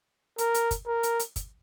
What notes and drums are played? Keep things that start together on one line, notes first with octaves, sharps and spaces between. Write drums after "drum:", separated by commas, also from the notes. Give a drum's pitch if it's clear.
A#4, drum: hi-hat
drum: hi-hat
drum: kick, hi-hat
A#4
drum: hi-hat
drum: hi-hat
drum: kick, hi-hat